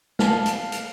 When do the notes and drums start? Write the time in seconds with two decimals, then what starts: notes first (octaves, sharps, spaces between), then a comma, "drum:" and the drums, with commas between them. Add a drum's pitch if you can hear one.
0.19 F5 A5, drum: snare
0.46 drum: hi-hat
0.72 drum: hi-hat